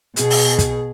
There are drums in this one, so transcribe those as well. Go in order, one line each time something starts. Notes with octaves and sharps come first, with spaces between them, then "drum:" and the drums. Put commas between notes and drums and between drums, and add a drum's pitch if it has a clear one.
B2 G#4, drum: hi-hat
drum: open hi-hat
drum: kick, hi-hat